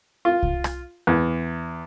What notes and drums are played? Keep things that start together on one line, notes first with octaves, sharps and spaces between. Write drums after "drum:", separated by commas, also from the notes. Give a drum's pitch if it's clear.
F4
drum: kick C2
drum: rim click
E2